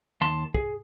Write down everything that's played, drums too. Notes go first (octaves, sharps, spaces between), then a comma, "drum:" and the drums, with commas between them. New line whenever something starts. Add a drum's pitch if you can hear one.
D#2 A5 C6
G#4, drum: kick